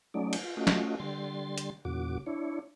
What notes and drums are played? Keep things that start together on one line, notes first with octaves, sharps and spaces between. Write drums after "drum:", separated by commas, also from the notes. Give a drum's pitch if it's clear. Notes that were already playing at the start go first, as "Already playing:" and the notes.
F#3 A3 C#4 D#4 D5
drum: cymbal
F4
A3 C#4 F4 F#4 D#5
drum: snare
D3 G3 C6 A6
drum: hi-hat
E2 A#2 C#3 F#4 D6
D4 E4 C#5